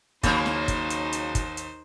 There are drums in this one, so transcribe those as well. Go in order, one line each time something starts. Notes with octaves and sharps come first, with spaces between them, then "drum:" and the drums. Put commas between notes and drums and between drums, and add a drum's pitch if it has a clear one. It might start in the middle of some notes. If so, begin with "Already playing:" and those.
D#2 C#3 F#3 A#3 D#4 C5, drum: kick, hi-hat
drum: snare
drum: kick, hi-hat
drum: hi-hat
drum: hi-hat
drum: kick, hi-hat
drum: hi-hat